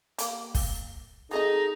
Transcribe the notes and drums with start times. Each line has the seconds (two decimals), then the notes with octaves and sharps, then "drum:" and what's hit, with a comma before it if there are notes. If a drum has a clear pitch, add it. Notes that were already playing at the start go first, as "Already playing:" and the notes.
0.18 A#3 G4, drum: hi-hat
0.55 drum: kick, open hi-hat
1.31 F#3 C4 D#4 G#4 A4 D#5